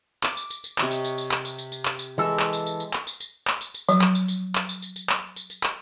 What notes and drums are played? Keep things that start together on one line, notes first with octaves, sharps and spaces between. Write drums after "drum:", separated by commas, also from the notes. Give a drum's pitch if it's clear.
D6, drum: clap
drum: tambourine
drum: tambourine
drum: tambourine
C3 C#5 D#5, drum: clap
drum: tambourine
drum: tambourine
drum: tambourine
drum: clap
drum: tambourine
drum: tambourine
drum: tambourine
drum: clap
drum: tambourine
E3 G#3 A4 E5
drum: clap
drum: tambourine
drum: tambourine
drum: tambourine
drum: clap
drum: tambourine
drum: tambourine
drum: clap
drum: tambourine
drum: tambourine
F3 F#3, drum: tambourine
drum: clap
drum: tambourine
drum: tambourine
drum: clap
drum: tambourine
drum: tambourine
drum: tambourine
drum: clap
drum: tambourine
drum: tambourine
drum: clap